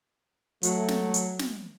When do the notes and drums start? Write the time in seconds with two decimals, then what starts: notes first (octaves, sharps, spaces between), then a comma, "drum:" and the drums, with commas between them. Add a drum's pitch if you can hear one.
0.63 F#3 A3, drum: hi-hat
0.88 drum: snare
1.14 drum: hi-hat
1.39 drum: snare